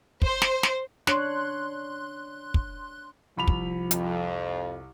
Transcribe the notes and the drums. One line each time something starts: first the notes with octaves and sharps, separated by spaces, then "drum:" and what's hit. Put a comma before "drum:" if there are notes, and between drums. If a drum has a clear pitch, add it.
C5, drum: kick
drum: snare
drum: snare
D4 C#5 C6 F#6, drum: snare
drum: kick
C2 F3 B5 F7
drum: kick
F2, drum: hi-hat